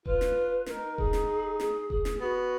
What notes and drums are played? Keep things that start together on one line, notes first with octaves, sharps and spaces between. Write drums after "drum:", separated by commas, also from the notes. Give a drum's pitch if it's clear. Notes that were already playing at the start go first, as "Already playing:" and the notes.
F4 B4, drum: kick E1
drum: snare
D#4 A#4, drum: snare
G#4, drum: kick E1
drum: snare
G#4, drum: snare
G#4, drum: kick E1
drum: snare
B3 F#4